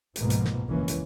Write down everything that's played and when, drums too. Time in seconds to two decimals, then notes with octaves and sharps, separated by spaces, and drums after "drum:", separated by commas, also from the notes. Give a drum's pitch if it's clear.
0.16 F1 C2 G#2 B2 F3 A#3, drum: hi-hat
0.30 drum: hi-hat
0.45 drum: snare
0.68 F#1 C#2 B2 E3 A#3 C#4
0.88 drum: hi-hat